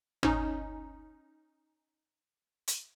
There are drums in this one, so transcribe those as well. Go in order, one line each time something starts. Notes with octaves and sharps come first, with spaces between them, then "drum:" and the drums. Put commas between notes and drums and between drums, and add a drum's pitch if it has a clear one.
C#4 D#4, drum: tom G#1
drum: hi-hat